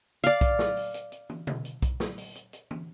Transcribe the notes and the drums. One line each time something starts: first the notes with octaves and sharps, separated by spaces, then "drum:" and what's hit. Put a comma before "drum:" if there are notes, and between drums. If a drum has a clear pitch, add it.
D5 F5, drum: hi-hat
drum: kick B1, hi-hat
drum: snare
drum: open hi-hat
drum: hi-hat
drum: hi-hat
drum: tom
drum: tom B2
drum: hi-hat
drum: kick B1, hi-hat
drum: snare
drum: open hi-hat
drum: hi-hat
drum: hi-hat
drum: tom